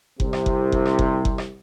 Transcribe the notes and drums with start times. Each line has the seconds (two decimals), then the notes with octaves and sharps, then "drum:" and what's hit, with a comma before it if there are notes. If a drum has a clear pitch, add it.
0.20 C2 C3, drum: kick F#1
0.33 drum: rim click
0.46 drum: kick F#1
0.72 drum: kick F#1
0.86 drum: rim click
0.99 drum: kick F#1
1.25 drum: kick F#1
1.38 drum: rim click